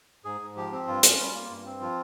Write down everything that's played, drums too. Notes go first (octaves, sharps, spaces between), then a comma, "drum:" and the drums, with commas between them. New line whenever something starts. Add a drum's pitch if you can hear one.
G#2 G#4
G#2
F3 G4
C4
G2 F4
C#4, drum: hi-hat
G3
A#3
G2
C4
F3 F4